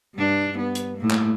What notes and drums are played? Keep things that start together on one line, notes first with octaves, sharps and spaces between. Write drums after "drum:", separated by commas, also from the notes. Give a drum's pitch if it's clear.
G2 D4
B3
drum: hi-hat
A2 A#3
drum: clap